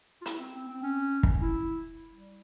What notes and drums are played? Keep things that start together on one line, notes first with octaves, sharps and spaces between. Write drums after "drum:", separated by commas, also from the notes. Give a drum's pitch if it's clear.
F4
E4, drum: hi-hat
C4
C4
C4
C#4
drum: kick
E4
G3